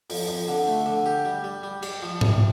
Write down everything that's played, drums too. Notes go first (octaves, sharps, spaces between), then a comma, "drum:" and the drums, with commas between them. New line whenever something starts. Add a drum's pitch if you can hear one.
F2, drum: open hi-hat
F2
D3
A3
D3
G4
G3
G3
G3
G3, drum: cymbal
F3
C3, drum: tom G#2